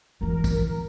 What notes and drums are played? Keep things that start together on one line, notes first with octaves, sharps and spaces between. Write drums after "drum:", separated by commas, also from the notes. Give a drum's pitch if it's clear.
E2 E3 A#4
drum: kick, tambourine